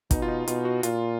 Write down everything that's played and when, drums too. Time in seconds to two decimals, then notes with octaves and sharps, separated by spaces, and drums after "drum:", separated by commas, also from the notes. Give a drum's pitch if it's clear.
0.11 B2 D#4, drum: kick, hi-hat
0.22 F4
0.28 D#4
0.48 B2 F4, drum: hi-hat
0.65 F#4
0.83 A#2 F4, drum: hi-hat